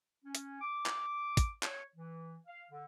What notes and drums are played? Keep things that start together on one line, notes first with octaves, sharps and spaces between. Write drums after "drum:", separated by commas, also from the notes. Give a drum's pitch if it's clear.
C#4
drum: hi-hat
D6
drum: clap
drum: kick, hi-hat
C#5, drum: clap
E3
F5
D3